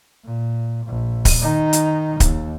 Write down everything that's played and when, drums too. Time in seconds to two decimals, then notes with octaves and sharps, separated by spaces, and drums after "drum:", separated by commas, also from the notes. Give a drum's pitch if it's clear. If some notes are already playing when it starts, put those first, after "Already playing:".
0.24 A#2
0.86 A#1
1.25 drum: kick D1, open hi-hat
1.42 D#3 D#4
1.73 drum: hi-hat
2.20 D#2, drum: kick D1, hi-hat